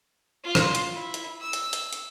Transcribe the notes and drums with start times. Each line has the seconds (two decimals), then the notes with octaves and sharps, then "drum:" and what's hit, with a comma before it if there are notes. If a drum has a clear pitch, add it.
0.44 F4
0.55 drum: rim click
0.75 drum: hi-hat
0.94 E4
1.14 drum: hi-hat
1.41 E6
1.53 drum: hi-hat
1.73 drum: hi-hat
1.93 drum: hi-hat